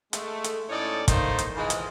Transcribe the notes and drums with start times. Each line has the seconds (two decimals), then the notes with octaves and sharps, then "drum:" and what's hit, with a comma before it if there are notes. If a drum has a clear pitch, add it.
0.13 G#3 A3, drum: hi-hat
0.44 drum: hi-hat
0.69 A2 C#4 D#4 C#5 D5
1.08 D#3 A3 A#3 D#4 C5, drum: kick, hi-hat
1.39 drum: hi-hat
1.57 E3 F3 G#3
1.70 drum: hi-hat